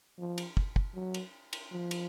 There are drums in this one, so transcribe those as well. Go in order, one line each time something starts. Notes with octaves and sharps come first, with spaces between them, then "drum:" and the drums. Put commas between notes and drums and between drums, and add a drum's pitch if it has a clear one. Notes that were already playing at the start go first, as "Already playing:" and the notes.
F3
drum: cymbal
drum: kick
drum: kick
F#3
drum: cymbal
drum: cymbal
F3
drum: cymbal